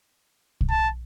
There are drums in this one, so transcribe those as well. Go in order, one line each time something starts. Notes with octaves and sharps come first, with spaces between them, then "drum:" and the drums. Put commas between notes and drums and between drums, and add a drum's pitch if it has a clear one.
drum: kick
A5